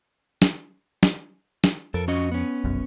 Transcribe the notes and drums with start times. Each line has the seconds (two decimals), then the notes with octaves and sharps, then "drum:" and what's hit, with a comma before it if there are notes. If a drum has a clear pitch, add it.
0.42 drum: snare
1.03 drum: snare
1.64 drum: snare
1.94 F2 A4 A#4
2.08 C#4 F#4 D#5
2.32 B3 C#4
2.64 F1 B1 F#2